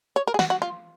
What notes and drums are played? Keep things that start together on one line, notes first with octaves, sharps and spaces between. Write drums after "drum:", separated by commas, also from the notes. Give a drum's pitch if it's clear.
C#5
A#4
G#4
F#4, drum: snare
F#4
F4